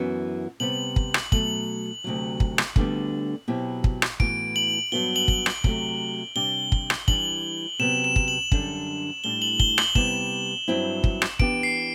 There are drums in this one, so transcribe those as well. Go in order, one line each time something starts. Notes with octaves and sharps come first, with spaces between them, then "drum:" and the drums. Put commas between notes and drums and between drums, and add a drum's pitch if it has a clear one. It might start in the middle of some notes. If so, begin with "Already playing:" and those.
Already playing: F#2 E3 B3 F#4
C3 G3 B3 F#7
drum: kick
drum: rim click
B2 F#3 A3 F#7, drum: kick
D2 C3 F#3
drum: kick
drum: rim click
D2 D3 G3 B3, drum: kick
B2 F#3 C4 E4 G4
drum: kick
drum: rim click
A2 E3 B3 F#4 D7, drum: kick
F#7
G2 F#3 B3 F#4 G7
F#7
drum: kick
drum: rim click
C3 F#3 A3, drum: kick
C3 G3 D4 G4 G7
drum: kick
drum: rim click
E3 G3 D4 F#7, drum: kick
C3 F#3 B3 E7
E7
drum: kick
F#7
F#2 D3 G3 D4, drum: kick
A2 G3 D4 G7
F#7
G7, drum: kick
F#7, drum: rim click
C3 G3 B3 E4 G4 E7, drum: kick
G2 F#3 C4 E4
drum: kick
drum: rim click
E3 B3 D4 G4 D7, drum: kick
C7